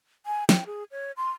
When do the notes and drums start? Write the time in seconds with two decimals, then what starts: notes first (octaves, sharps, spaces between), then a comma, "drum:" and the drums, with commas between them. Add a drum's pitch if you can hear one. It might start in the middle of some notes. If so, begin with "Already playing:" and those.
0.26 G#5
0.49 G5, drum: snare
0.66 G#4
0.91 C#5
1.17 C6